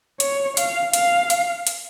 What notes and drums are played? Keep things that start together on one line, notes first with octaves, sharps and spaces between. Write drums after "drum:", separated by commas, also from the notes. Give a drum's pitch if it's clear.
C#5, drum: hi-hat
F5, drum: hi-hat
F5, drum: hi-hat
drum: hi-hat
drum: hi-hat